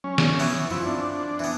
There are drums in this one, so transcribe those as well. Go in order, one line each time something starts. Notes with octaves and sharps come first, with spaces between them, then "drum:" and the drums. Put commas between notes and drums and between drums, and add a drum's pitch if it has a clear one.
F#3 C#4
drum: snare
E3 F3 B3 E4
G2 F3 E4
C4 D4
E3 B3